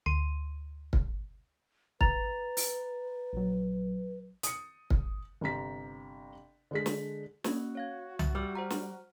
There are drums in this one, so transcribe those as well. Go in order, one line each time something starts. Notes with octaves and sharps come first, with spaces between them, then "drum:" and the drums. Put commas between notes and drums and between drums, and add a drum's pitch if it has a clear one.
D2 C6 D#7
drum: kick
B4 A#5 A6 F7, drum: kick
drum: open hi-hat
A#1 F#3
D#6 C#7, drum: hi-hat
drum: kick
G1 C3 A#5 B6
D3 G#3 B6
drum: snare
A#3 C#4 F#4, drum: snare
C#5 F5 G#6
E5, drum: tom C2
G3 D6 E6 F6
C5 F#5 A#5
drum: snare